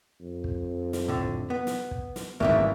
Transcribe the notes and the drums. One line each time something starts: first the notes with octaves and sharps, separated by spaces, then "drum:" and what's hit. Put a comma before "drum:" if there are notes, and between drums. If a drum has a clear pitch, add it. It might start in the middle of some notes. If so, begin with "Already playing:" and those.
F2
drum: kick
drum: snare
A2 D3
drum: kick
B3
drum: snare
drum: kick
drum: snare
G#1 E2 C#3 G3 A#3 E5, drum: kick